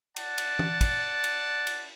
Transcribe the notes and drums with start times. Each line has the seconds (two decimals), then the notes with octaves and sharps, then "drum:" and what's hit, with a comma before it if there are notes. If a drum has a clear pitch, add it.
0.16 D5 F#5 A5, drum: cymbal
0.38 drum: cymbal
0.59 drum: tom E3
0.81 drum: kick, cymbal
1.24 drum: cymbal
1.67 drum: cymbal